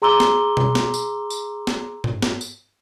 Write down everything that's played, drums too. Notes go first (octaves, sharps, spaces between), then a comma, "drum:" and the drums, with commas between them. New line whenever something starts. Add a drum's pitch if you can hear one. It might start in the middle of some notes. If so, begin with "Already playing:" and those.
G#4 A#5 C6 D6 E6 G7
drum: snare
drum: tom B2
drum: snare
drum: tambourine
drum: tambourine
drum: snare
drum: tom G#2
drum: snare
drum: tambourine